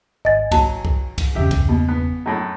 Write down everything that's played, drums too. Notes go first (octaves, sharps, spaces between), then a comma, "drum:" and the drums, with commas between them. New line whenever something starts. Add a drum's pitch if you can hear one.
G#1 D#5 G#5 A6
F#3 A5, drum: kick C2, cymbal
drum: kick C2
drum: kick C2, cymbal
G1 E2 C#3 G4 E5
drum: kick C2, cymbal
B2
B3
F#2 A2